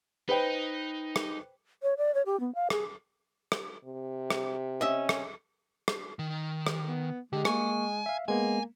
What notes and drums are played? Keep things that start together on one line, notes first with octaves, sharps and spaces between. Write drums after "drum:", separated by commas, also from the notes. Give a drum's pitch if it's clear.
D#4 B4 C5 G5
drum: rim click
C#5
D5
C#5
G4
B3
F5
G#4, drum: rim click
drum: rim click
C3
drum: rim click
C#4 D#5 E5
drum: rim click
drum: rim click
D#3
drum: rim click
B3
D3 G#3 G4
A#3 G#5 C#6, drum: rim click
E5 F5
G#3 A#3 B3 G#5